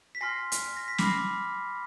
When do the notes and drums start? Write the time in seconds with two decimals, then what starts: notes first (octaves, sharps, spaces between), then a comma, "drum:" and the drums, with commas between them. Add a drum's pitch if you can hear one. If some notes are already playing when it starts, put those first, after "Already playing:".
0.15 B6
0.21 G#5 C6 F6 A#6 C7
0.52 drum: hi-hat
0.77 A#6
0.88 B6
0.98 B5 D6 F6 A#6 C7, drum: snare